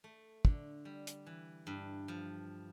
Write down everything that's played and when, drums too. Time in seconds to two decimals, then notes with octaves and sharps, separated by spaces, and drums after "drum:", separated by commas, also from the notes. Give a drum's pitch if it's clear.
0.04 A3
0.45 D3, drum: kick
0.85 G3
1.07 drum: hi-hat
1.26 E3
1.67 G2
2.08 F3